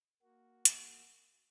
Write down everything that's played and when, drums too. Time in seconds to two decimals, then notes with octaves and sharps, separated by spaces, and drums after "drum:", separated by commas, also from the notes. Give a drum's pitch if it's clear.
0.22 A#3 F#4
0.65 drum: hi-hat